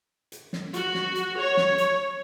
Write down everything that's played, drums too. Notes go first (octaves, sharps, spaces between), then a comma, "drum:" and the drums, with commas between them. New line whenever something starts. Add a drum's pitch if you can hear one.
drum: hi-hat
drum: snare
F#4, drum: hi-hat
drum: snare
drum: hi-hat
C#5
drum: snare
drum: hi-hat